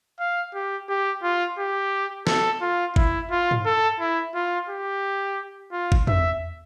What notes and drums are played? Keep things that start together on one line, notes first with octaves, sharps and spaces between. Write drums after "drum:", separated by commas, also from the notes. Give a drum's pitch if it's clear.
F5
G4
G4
F4
G4
A4, drum: snare
F4
E4, drum: kick G1
F4
drum: tom
A4
E4
F4
G4
F4
drum: kick G1
E5, drum: tom